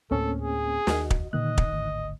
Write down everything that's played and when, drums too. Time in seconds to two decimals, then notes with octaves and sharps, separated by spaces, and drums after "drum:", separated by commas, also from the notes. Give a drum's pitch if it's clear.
0.11 D2 A2 A3 A#3 C4 C#4 A4
0.41 G#4
0.87 D#2 F#4 D#5, drum: snare
1.10 drum: kick
1.33 A#2 D3 D#3 A#3 D#5 F#6
1.58 drum: kick
1.72 D1 G#1 D2